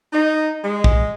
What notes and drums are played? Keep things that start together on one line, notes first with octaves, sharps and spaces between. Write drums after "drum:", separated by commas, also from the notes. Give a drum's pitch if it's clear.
D#4
G#3
drum: kick